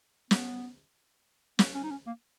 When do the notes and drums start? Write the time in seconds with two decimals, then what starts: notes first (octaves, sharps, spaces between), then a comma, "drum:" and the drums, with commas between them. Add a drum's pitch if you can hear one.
0.31 B3, drum: snare
1.59 B3, drum: snare
1.75 C#4
1.84 D#4
1.91 C#4
2.07 A#3